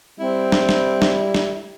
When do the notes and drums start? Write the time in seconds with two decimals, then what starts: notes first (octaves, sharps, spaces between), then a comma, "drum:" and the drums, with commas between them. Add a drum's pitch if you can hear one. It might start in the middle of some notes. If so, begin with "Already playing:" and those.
0.19 G3 C4 E4
0.52 drum: snare
0.69 drum: snare
1.02 drum: snare
1.35 drum: snare